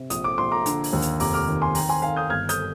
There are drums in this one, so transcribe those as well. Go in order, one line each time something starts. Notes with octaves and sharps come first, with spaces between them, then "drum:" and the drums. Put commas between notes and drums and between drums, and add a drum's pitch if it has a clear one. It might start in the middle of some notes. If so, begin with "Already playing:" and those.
Already playing: C3
A#1 D#6, drum: hi-hat
D6
A#1 C6
A#5 D6
D3, drum: hi-hat
drum: open hi-hat
D#2
drum: hi-hat
F1 A#5 D6, drum: open hi-hat
D6 F6
D#3
G#5 C6
D#3 G5 A#5, drum: open hi-hat
G#5 C6
D#3 F5 G#5
D#6 G6
G1 F6 G#6
D#6 G6, drum: hi-hat